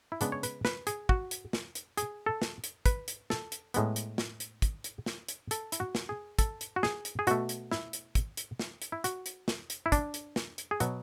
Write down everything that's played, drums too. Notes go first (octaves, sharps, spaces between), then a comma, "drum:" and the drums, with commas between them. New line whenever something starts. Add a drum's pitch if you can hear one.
E4
C#3 G#3 B3 D4, drum: hi-hat
C#5
B4, drum: hi-hat
B4, drum: snare
G#4, drum: hi-hat
F#4, drum: kick
drum: hi-hat
drum: snare
drum: hi-hat
G#4, drum: hi-hat
A4
drum: snare
drum: hi-hat
B4, drum: kick, hi-hat
drum: hi-hat
A4, drum: snare
drum: hi-hat
A2 G#3 B3, drum: hi-hat
drum: hi-hat
drum: snare
drum: hi-hat
drum: kick, hi-hat
drum: hi-hat
drum: snare
drum: hi-hat
A4, drum: hi-hat
E4, drum: hi-hat
F#4
drum: snare
G#4
A4, drum: kick, hi-hat
drum: hi-hat
F#4
G#4, drum: snare
drum: hi-hat
G#4
B2 A3 F#4, drum: hi-hat
drum: hi-hat
E4, drum: snare
drum: hi-hat
drum: kick, hi-hat
drum: hi-hat
drum: snare
drum: hi-hat
E4
F#4, drum: hi-hat
drum: hi-hat
drum: snare
drum: hi-hat
E4
D4, drum: kick, hi-hat
drum: hi-hat
drum: snare
drum: hi-hat
G#4
B2 F#3 B3 F#4, drum: hi-hat